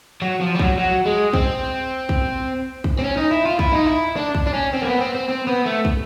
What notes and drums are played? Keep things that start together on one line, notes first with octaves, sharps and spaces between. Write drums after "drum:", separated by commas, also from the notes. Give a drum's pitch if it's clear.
F#3
F3
G3
F#3, drum: kick
F#3
G#3
C4, drum: kick
drum: kick
drum: kick
C4
C#4
D#4
E4
F4
E4, drum: kick
D#4
E4
D4
drum: kick
D4
C#4
C4
A#3
B3
C4
C4
C4
B3
A3
drum: kick